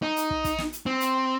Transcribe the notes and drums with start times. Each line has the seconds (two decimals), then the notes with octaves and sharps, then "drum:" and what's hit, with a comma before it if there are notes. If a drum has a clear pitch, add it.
0.02 D#4
0.16 drum: hi-hat
0.30 drum: kick
0.44 drum: kick, hi-hat
0.58 drum: snare
0.72 drum: hi-hat
0.86 C4
1.00 drum: hi-hat